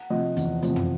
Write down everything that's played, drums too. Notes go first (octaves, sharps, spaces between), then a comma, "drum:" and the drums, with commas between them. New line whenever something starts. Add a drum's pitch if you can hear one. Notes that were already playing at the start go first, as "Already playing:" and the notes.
Already playing: F#5
C3 F3 D#5
E2, drum: hi-hat
C3 F3, drum: hi-hat
drum: tom